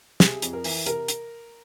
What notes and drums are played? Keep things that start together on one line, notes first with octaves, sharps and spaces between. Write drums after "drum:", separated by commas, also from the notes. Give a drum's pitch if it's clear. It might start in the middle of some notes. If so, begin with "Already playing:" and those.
C3 G#4, drum: snare
F2, drum: hi-hat
A#4
E3, drum: open hi-hat
C3 A#4, drum: hi-hat
drum: hi-hat